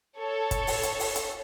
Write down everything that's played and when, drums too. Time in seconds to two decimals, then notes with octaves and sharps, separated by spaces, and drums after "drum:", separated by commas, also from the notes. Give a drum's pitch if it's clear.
0.18 A4 C#5
0.51 drum: kick, hi-hat
0.67 drum: open hi-hat
0.83 drum: hi-hat
0.99 drum: open hi-hat
1.16 drum: hi-hat